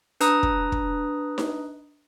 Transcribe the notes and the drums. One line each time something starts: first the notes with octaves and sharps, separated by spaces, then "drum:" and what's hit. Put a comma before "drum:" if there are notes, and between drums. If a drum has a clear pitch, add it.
D4 B4 A#5 D#6, drum: hi-hat
drum: kick
drum: kick
drum: snare D#4